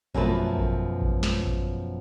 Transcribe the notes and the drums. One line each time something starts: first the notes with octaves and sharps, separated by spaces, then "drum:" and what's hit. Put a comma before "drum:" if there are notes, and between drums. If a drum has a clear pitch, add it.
F#2 B2 F3 A3 B4 A5, drum: kick A1
drum: kick A1
drum: kick A1
drum: snare
drum: kick A1